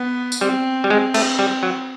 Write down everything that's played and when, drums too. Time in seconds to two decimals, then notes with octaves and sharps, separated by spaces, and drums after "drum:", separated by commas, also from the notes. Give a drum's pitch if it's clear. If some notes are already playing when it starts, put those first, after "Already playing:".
Already playing: B3
0.32 drum: tambourine
0.41 G3 C4
0.84 G3
0.90 G#3 C4
1.14 A3, drum: cymbal
1.39 G3
1.63 F#3